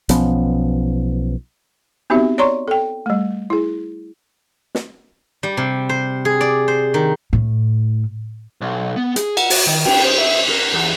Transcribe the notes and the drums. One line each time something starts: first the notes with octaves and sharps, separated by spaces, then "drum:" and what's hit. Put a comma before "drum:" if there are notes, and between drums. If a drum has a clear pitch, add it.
B1 F3 B3 C#4, drum: hi-hat
B3 C4 D#4 F#4 G4 E5
C#5 D5 A#5 C6 C#6
A4 G5
G3 A3
E4 G#4
drum: snare
G3
C3
C5
G#4
D5
C5
D#3
A2
B1
B3
G#4, drum: hi-hat
F#5, drum: cymbal
F#4, drum: open hi-hat
D#3
G5, drum: cymbal
C5
E5
A#4
E2